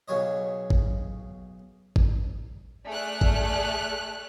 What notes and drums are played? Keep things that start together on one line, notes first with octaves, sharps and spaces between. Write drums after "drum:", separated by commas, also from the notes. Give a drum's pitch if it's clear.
B1 C#3 F#3 C#5 D#5
drum: kick G#1
drum: kick G#1
A3 G#4 D5 F6 F#6
drum: kick G#1